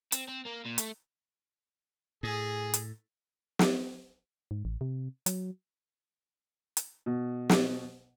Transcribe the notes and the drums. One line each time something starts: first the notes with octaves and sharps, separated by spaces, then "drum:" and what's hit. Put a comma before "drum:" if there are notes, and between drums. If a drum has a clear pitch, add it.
C4, drum: hi-hat
C4
A#3
A#2
A3, drum: hi-hat
A2 G#4
drum: hi-hat
drum: snare
G#2
A1
C3
F#3, drum: hi-hat
drum: hi-hat
B2
drum: snare